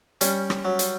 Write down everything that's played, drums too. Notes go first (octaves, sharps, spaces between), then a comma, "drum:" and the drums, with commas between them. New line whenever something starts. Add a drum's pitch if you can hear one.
G3 C#4, drum: hi-hat
drum: rim click
F#3
drum: hi-hat